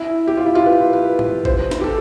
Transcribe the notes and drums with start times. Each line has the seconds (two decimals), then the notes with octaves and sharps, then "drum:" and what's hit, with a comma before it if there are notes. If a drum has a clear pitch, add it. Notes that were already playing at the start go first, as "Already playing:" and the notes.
Already playing: E4
0.27 G4
0.37 F4
0.46 E4
0.55 F4
0.66 B4
0.93 B4
1.19 drum: tom G#2
1.45 C5, drum: kick G#1
1.71 drum: snare
1.81 G4
1.84 A4